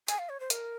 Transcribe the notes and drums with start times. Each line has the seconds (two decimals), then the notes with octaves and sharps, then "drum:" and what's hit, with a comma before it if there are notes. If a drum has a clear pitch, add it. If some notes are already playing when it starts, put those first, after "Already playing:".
0.08 G#5, drum: hi-hat
0.19 F5
0.29 C#5
0.40 C5
0.50 A#4, drum: hi-hat